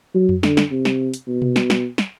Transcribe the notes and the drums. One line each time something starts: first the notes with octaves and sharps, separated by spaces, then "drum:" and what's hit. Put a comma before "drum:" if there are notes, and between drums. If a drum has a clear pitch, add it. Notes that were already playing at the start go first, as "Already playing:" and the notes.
F#3
drum: tom F2
D3, drum: snare
drum: snare
C3
drum: snare
drum: hi-hat
B2
drum: tom B2
drum: snare
drum: snare
drum: snare